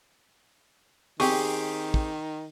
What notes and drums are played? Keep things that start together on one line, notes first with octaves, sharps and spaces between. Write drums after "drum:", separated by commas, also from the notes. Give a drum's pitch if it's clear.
D#3 C4 G4 G#4 C#6, drum: open hi-hat
drum: kick